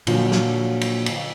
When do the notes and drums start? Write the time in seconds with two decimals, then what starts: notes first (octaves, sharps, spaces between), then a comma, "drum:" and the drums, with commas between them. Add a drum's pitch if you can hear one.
0.07 A#2 D3 F3 F#3, drum: cymbal
0.32 drum: snare
0.81 drum: cymbal
1.06 drum: cymbal